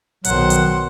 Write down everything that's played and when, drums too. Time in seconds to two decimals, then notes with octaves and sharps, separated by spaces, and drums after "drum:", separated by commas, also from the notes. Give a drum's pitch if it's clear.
0.24 B1 D#3 F3 F#3 C5 F#5, drum: hi-hat
0.50 drum: hi-hat